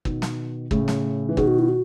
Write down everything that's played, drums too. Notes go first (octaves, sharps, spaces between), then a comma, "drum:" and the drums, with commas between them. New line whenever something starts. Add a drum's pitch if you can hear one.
B2 D#3, drum: kick
drum: snare
A2 C#3, drum: kick
drum: snare
E3
B2 D#3 G#4, drum: kick
F#4
E4
F#4